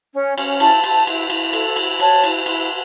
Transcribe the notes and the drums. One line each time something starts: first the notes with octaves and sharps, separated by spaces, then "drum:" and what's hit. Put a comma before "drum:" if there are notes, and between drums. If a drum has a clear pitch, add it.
C#4
C#4, drum: cymbal
E4 A5, drum: cymbal
E4, drum: cymbal
E4, drum: cymbal
E4, drum: cymbal
A4, drum: cymbal
E4, drum: cymbal
C#5 A5, drum: cymbal
E4, drum: cymbal
E4, drum: cymbal